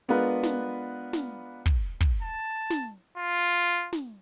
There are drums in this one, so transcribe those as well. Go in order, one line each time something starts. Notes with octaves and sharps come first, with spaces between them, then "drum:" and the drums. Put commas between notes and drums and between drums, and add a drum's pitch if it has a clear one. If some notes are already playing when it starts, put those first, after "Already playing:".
G#3 B3 D4 F4 A#4 B4
drum: snare
drum: snare
drum: kick
drum: kick
A5
drum: snare
F4
drum: snare